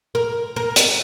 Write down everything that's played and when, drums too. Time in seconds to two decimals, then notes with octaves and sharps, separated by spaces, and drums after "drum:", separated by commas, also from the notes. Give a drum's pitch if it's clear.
0.15 A#4
0.56 A#4
0.76 drum: hi-hat